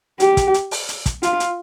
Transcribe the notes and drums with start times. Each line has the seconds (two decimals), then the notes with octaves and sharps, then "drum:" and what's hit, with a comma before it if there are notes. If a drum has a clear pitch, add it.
0.20 G4, drum: hi-hat
0.37 drum: kick, hi-hat
0.54 drum: hi-hat
0.71 drum: open hi-hat
0.89 drum: hi-hat
1.06 drum: kick, hi-hat
1.23 F4, drum: hi-hat
1.40 drum: hi-hat